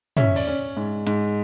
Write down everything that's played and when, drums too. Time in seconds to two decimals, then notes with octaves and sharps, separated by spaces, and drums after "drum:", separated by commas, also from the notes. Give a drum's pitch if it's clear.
0.17 C#4 E5, drum: tom
0.36 D5, drum: cymbal
0.47 C#4
0.77 G#2
1.07 G#2, drum: hi-hat